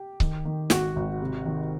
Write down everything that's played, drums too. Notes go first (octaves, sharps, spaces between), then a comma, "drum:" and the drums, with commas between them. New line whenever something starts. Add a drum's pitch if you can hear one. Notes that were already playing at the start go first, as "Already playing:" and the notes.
Already playing: G4
D#3, drum: kick C#1
D#3
G#1 F#4, drum: snare
G#1
C3
D#3